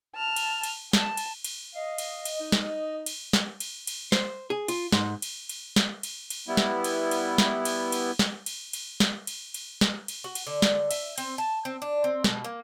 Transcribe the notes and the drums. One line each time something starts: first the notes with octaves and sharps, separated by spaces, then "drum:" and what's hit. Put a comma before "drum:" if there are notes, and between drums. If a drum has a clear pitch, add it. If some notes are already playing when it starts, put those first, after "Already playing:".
A5 F6
drum: cymbal
drum: cymbal
A5, drum: snare
drum: cymbal
drum: cymbal
D#5 F5
drum: cymbal
drum: cymbal
D#4
drum: snare
drum: cymbal
drum: snare
drum: cymbal
drum: cymbal
C5, drum: snare
G#4
F4, drum: cymbal
G#2, drum: snare
drum: cymbal
drum: cymbal
drum: snare
drum: cymbal
drum: cymbal
G3 B3 E4
drum: snare
drum: cymbal
drum: cymbal
drum: snare
drum: cymbal
drum: cymbal
drum: snare
drum: cymbal
drum: cymbal
drum: snare
drum: cymbal
drum: cymbal
drum: snare
drum: cymbal
F#4
drum: cymbal
D3
drum: snare
E5, drum: cymbal
C4, drum: cymbal
A5
C4
D4
C4
B2, drum: snare
A#3